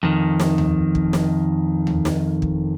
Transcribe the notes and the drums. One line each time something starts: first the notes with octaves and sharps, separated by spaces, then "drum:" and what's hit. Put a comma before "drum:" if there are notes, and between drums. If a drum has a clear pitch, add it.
F2 D#3
drum: snare
drum: tom D#2
drum: kick
drum: snare
drum: tom D#2
drum: snare
drum: kick